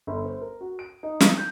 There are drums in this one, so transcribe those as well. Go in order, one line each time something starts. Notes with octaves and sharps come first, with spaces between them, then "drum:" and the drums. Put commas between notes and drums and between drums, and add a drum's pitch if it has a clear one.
G1
C5
A#4
F#4
D7
D#4
drum: snare
G6